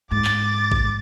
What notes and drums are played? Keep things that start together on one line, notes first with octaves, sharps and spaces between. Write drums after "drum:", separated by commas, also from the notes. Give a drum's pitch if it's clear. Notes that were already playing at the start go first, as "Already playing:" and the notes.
G#2 D6 A6
drum: clap
drum: kick G#1